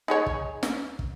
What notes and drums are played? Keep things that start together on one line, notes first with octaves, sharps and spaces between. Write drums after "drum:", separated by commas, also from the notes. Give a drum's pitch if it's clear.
D#4 G#4 C#5
drum: kick
drum: snare
drum: kick